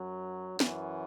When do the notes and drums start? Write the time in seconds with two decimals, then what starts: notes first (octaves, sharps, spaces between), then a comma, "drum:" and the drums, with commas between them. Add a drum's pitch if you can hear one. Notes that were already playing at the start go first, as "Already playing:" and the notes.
Already playing: F#2 F#3
0.55 F#2 C#4
0.60 E3, drum: snare